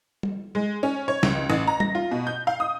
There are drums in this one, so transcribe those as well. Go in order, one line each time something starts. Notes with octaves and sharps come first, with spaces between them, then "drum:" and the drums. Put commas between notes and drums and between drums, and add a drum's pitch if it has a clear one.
drum: tom
G#3
C#4
C#5
C#2, drum: snare
A1
A#5
A#6, drum: tom
F4
B2
G6
F5
D#6